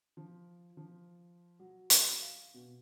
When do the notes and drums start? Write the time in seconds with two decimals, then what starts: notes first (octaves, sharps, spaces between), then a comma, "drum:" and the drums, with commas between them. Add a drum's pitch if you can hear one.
0.17 F3
0.77 F3
1.59 F#3
1.90 drum: hi-hat
2.21 F5
2.54 B2